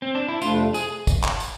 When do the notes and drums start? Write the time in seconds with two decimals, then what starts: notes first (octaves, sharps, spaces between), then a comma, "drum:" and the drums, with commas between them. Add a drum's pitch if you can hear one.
0.02 C4
0.15 D4
0.29 E4
0.42 F2 C3 F3 A3 D4 F4, drum: tambourine
0.74 G#4, drum: tambourine
1.07 drum: kick, tambourine
1.24 drum: clap
1.40 drum: tambourine